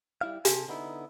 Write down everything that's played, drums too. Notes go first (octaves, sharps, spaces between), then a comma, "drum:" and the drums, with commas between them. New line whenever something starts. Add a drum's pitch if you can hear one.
G3 E4 F5
C3 A4 G#5, drum: hi-hat
D3 B3 D#4 E4